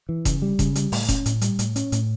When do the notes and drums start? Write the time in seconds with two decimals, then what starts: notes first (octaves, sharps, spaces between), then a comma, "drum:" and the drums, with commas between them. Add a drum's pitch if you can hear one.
0.09 E3
0.25 C#3, drum: kick E1, hi-hat
0.42 G3
0.59 C#3, drum: kick E1, hi-hat
0.75 G3, drum: hi-hat
0.92 A2, drum: open hi-hat
1.09 C#4, drum: kick E1, hi-hat
1.26 A2, drum: hi-hat
1.41 G3, drum: hi-hat
1.59 A2, drum: hi-hat
1.76 C#4, drum: hi-hat
1.92 A2, drum: hi-hat